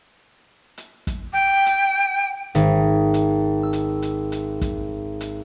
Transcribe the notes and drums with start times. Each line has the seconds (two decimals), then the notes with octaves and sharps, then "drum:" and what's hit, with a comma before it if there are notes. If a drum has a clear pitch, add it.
0.78 drum: hi-hat
1.07 drum: kick, hi-hat
1.33 G5
1.66 drum: hi-hat
2.55 G#1, drum: hi-hat
3.14 drum: hi-hat
3.63 E6
3.73 drum: hi-hat
4.02 drum: hi-hat
4.32 drum: hi-hat
4.62 drum: kick, hi-hat
5.21 drum: hi-hat